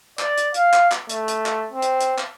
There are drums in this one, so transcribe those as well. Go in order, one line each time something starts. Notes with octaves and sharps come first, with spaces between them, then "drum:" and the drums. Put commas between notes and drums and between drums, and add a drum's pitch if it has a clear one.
D5, drum: clap
drum: hi-hat
F5, drum: hi-hat
drum: clap
drum: clap
A3, drum: hi-hat
drum: hi-hat
drum: clap
C4
drum: hi-hat
drum: hi-hat
drum: clap